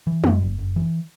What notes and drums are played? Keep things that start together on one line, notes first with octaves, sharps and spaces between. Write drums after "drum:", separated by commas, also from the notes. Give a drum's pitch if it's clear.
E3
F#2, drum: tom
F#1
F#1
E3